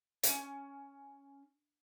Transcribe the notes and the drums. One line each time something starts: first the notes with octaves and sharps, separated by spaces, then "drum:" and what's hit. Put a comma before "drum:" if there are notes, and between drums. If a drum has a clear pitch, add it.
A#3 C#4, drum: hi-hat